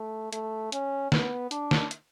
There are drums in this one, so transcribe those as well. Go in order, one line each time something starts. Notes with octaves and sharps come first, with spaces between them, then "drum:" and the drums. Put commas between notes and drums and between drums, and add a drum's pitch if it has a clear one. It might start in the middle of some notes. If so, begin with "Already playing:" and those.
Already playing: A3
A3, drum: hi-hat
C#4, drum: hi-hat
B3, drum: snare
D4, drum: hi-hat
drum: snare
drum: hi-hat